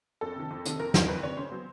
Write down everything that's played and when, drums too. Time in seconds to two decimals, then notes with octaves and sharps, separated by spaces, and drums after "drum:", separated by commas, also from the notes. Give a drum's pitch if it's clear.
0.21 F2 A4
0.36 C3 D#3
0.50 F2
0.65 C3 D#3, drum: hi-hat
0.79 F2 A#4
0.94 C3 D#3, drum: snare
1.08 F2 B4
1.23 C3 D#3 C#5
1.37 C#3 C5
1.52 F#3 B3